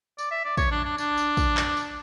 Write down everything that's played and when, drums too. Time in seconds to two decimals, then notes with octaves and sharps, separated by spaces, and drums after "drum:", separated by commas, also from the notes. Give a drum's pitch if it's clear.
0.18 D5, drum: tambourine
0.31 E5
0.45 D5
0.57 C#5, drum: kick, tambourine
0.72 D4
0.85 D4
0.98 D4, drum: tambourine
1.17 drum: tambourine
1.37 drum: kick, tambourine
1.57 drum: clap
1.77 drum: tambourine